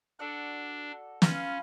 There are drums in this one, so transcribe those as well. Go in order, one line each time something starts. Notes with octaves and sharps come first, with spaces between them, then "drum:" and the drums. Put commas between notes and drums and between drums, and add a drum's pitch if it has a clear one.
D4 F#4 A4 D5 F#5
C#4 F4 B4 F5, drum: snare